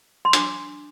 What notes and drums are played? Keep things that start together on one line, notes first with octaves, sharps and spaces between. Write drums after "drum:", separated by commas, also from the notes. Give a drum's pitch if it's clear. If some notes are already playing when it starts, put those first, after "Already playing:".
C6
D4 D6, drum: hi-hat